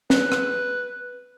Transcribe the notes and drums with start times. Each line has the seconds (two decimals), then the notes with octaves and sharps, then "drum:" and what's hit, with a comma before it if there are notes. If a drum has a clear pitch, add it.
0.10 B4, drum: snare
0.32 drum: rim click